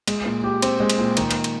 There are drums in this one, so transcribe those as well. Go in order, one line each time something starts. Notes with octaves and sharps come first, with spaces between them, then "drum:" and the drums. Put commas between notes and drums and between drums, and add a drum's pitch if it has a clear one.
G#3, drum: cymbal
A#2
G4
C4, drum: cymbal
G#3
drum: cymbal
A#2
D#3, drum: cymbal
drum: cymbal
drum: cymbal